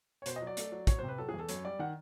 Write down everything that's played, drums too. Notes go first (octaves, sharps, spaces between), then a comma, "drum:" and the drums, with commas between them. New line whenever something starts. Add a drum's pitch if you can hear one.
C#5
B2 C5, drum: hi-hat
D#5
F#3
D5
A3, drum: hi-hat
F#3
F#3 C#5, drum: kick, hi-hat
C5
C3
B4
F#3 A4
G#4
E2
A4
F#2 C#5, drum: hi-hat
G3 D5
D#3 F#5